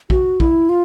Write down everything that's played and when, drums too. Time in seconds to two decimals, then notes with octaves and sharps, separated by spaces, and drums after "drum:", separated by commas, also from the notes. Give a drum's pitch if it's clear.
0.10 F#4, drum: kick A#1
0.40 E4, drum: kick A#1
0.69 F4